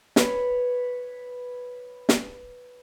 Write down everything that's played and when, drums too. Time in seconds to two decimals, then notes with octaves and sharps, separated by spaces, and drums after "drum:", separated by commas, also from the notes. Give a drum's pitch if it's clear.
0.16 B4 C#5, drum: snare
2.09 drum: snare